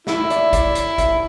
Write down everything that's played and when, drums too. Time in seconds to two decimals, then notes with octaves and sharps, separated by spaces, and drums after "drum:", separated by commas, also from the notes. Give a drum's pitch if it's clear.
0.07 E4 E5, drum: snare
0.24 E5
0.30 D5, drum: hi-hat
0.53 D5, drum: kick, hi-hat
0.75 drum: hi-hat
0.98 E5, drum: kick, hi-hat